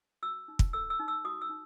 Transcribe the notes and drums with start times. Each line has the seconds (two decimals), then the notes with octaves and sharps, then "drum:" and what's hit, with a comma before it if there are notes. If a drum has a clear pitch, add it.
0.23 F#4 E6
0.48 D#4
0.59 drum: kick
0.73 A4 E6
0.90 E6
1.00 D#4
1.08 E6
1.25 F#4 D#6
1.41 E6
1.49 D#4